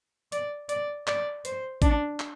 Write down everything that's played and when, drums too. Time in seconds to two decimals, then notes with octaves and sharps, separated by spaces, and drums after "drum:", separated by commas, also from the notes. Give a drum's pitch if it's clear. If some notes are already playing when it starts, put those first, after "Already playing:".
0.32 D5, drum: hi-hat
0.69 D5, drum: hi-hat
1.07 D5, drum: clap
1.45 C5, drum: hi-hat
1.82 D4, drum: kick A1, hi-hat
2.20 drum: clap